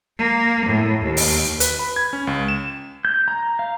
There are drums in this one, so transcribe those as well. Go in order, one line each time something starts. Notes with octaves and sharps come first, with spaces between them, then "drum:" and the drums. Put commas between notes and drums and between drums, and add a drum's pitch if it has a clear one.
A#3
A2
D#2
drum: open hi-hat
B4, drum: hi-hat
B5
G#6
C#4
C#2
E7
G6
A#5
F5